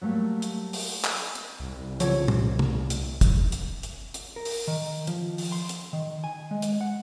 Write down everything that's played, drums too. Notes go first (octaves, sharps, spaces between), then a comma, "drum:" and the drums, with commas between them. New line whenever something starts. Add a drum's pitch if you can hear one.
F#3 G3 A3 A#3
drum: hi-hat
drum: open hi-hat
drum: clap
drum: hi-hat
C2
C#3 F3 C#5, drum: hi-hat
drum: tom
drum: tom C3
drum: hi-hat
drum: kick, hi-hat
drum: hi-hat
drum: hi-hat
drum: hi-hat
A#4
drum: open hi-hat
D#3
F3, drum: hi-hat
drum: open hi-hat
C6
drum: hi-hat
D#3
G#5
G#3
drum: hi-hat
F#5